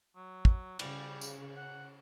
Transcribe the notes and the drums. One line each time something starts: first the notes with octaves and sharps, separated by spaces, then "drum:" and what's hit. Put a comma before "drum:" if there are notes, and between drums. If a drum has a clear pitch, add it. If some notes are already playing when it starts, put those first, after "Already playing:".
F#3
drum: kick
C#3 G3, drum: cymbal
drum: tambourine
F#5